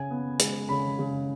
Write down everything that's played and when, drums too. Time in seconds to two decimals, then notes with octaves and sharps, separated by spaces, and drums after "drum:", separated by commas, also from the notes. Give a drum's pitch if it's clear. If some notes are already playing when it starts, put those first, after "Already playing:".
Already playing: C#3 G#5
0.11 B3
0.40 G#3, drum: hi-hat
0.69 C#3 B5
0.99 C#3